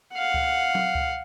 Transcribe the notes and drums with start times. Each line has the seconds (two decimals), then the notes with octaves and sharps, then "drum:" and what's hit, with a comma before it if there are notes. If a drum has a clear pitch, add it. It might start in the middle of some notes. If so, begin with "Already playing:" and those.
0.14 F5 F#5
0.34 drum: kick C#2
0.75 drum: tom F#3
0.95 drum: kick C#2